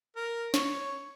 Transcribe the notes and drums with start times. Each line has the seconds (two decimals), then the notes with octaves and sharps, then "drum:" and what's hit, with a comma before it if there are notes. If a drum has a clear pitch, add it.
0.16 A#4
0.54 C#5, drum: snare